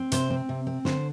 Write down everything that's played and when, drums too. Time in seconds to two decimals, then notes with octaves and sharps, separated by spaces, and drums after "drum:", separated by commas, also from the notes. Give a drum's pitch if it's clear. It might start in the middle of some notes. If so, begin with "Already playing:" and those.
Already playing: C4
0.12 C3 C5, drum: hi-hat
0.30 C4
0.49 C3
0.67 C4
0.85 D3 C5, drum: snare